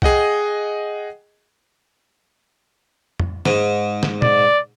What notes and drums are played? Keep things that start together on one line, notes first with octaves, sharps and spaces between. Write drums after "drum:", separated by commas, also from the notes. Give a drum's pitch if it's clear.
G#4 D#5 F#5 G5, drum: kick
drum: tom F2
G#2, drum: snare
drum: snare
D5, drum: tom A#2